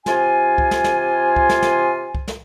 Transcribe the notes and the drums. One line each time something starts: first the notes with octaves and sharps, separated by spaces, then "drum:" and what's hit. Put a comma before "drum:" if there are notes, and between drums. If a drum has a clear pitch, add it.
C3 F4 G#5, drum: snare
drum: kick C2
drum: snare
drum: snare
drum: kick C2
drum: snare
drum: snare
drum: kick C2
drum: snare